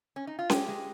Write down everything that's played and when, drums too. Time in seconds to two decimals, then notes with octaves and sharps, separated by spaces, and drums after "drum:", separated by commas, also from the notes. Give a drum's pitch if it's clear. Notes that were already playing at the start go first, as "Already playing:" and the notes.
0.16 C#4
0.27 D#4
0.39 F4
0.50 G#3 G4, drum: snare C#4
0.68 G#3